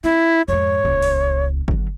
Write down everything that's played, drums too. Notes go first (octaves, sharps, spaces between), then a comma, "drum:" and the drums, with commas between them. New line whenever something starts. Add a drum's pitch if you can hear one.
C4 E4
F2 G#2 C#5
D#1 C#2
drum: open hi-hat
D3 F#3, drum: kick G1